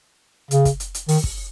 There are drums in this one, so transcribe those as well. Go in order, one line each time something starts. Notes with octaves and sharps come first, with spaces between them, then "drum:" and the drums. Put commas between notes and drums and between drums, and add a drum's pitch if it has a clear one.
C#3, drum: hi-hat
drum: kick, hi-hat
drum: hi-hat
drum: hi-hat
D#3, drum: open hi-hat
drum: kick